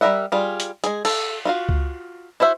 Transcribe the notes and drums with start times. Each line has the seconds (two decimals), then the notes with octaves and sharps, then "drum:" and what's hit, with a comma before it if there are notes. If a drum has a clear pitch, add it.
0.01 G3 A#4 D#5 E5 F#5
0.32 G3 F4 G#4
0.60 drum: hi-hat
0.84 G#3 G#4, drum: hi-hat
1.05 A4, drum: cymbal
1.45 F4 F#4 F5
1.69 drum: kick C#2
2.40 E4 F#4 C5 E5